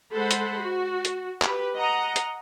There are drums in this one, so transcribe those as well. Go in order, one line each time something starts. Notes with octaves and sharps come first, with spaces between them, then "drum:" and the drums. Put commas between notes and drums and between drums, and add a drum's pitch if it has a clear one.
G#3 A4 C5 F#5 B5
drum: hi-hat
F#4
drum: hi-hat
G4 B4, drum: clap
D#5 F#5 A#5
drum: hi-hat